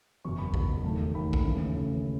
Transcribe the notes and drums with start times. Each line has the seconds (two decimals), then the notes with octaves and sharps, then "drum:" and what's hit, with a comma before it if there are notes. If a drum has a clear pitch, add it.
0.25 F#1 E2 B2 C#6
0.38 B5
0.54 F#1 E2 B2, drum: kick
0.84 D#2 D#3 A3 A5
1.14 D#2 D#3 A3 B5
1.33 drum: kick
1.44 D#2 C#3 E3 A3
1.75 D#2 C#3 E3 A3